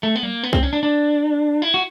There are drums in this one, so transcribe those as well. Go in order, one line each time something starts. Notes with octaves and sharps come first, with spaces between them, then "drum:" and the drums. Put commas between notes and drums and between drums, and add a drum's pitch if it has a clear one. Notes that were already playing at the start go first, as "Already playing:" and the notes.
A3
B3
A#3, drum: tom F#3
B3
C4, drum: kick C2
C#4
D4
D4
E4
F#4